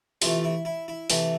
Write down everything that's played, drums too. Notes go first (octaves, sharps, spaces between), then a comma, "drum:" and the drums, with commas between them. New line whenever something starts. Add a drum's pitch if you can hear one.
C3 E3 A3 F4, drum: open hi-hat
E4
E4
E4
C3 E3 A3 E4, drum: open hi-hat